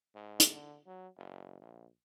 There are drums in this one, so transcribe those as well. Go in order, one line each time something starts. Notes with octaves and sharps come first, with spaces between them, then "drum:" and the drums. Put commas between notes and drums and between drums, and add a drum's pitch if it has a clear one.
G#2
drum: hi-hat
D3
F#3
F#1
A#1